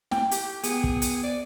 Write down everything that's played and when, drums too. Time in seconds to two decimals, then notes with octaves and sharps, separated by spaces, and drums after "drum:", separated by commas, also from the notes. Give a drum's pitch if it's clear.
0.11 G5, drum: snare
0.31 G4, drum: hi-hat
0.63 B3 G#4, drum: hi-hat
0.84 drum: kick
1.02 drum: hi-hat
1.23 D5